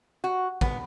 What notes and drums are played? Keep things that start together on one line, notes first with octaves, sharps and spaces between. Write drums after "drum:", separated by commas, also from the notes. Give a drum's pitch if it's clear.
F#4
B3, drum: kick